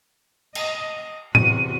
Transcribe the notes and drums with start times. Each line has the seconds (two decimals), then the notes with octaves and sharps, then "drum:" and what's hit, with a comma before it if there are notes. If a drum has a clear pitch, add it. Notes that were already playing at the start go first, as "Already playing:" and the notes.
0.55 D#5, drum: cymbal
1.35 E2 C3 F#4 D#7, drum: tom A2